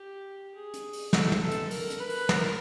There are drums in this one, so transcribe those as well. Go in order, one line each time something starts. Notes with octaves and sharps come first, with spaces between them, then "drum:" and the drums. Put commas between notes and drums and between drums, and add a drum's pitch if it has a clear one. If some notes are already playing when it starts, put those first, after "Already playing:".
Already playing: G4
G#4
drum: hi-hat
drum: open hi-hat
A4, drum: snare
drum: tom
A4
drum: hi-hat
A#4, drum: open hi-hat
drum: hi-hat
B4
drum: open hi-hat
A#4, drum: snare